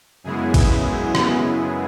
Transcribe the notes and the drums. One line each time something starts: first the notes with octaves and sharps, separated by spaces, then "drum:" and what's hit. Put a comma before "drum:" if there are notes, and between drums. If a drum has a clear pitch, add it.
F#2 C#3 G#3 B3 E4 G#4
drum: kick, cymbal
drum: rim click